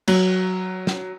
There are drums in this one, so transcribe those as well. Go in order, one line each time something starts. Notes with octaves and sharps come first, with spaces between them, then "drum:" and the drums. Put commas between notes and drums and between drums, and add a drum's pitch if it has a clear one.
F#3, drum: cymbal
drum: snare